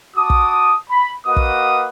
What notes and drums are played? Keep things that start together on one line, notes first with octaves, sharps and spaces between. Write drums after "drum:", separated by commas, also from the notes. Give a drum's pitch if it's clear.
F#4 A5 D6 D#6
drum: kick
B5
A#3 F#4 B4 D#5 F#5 D#6
drum: kick